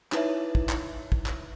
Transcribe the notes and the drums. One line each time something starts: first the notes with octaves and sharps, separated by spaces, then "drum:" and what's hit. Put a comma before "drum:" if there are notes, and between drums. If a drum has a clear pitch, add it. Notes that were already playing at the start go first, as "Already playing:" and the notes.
D#4 E4 B4 C#5 E5, drum: clap
drum: kick
drum: clap
drum: kick
drum: clap